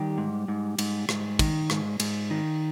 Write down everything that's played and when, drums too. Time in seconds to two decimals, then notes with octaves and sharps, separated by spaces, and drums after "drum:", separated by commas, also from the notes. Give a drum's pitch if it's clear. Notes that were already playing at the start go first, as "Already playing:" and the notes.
Already playing: D#3 G3 G4
0.18 G#2
0.48 G#2
0.79 G#2, drum: cymbal
1.09 G#2, drum: rim click
1.39 D#3, drum: kick, cymbal
1.70 G#2, drum: rim click
2.00 G#2, drum: cymbal
2.30 D#3